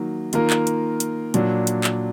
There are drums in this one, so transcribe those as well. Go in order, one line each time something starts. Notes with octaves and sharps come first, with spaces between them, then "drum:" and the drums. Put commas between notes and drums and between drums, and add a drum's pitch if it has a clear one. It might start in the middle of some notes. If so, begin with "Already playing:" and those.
Already playing: D#3 F#3 A#3
D#3 A#3 F4 A#4, drum: hi-hat
drum: clap
drum: hi-hat
drum: hi-hat
A#2 F#3 D4, drum: hi-hat
drum: hi-hat
drum: clap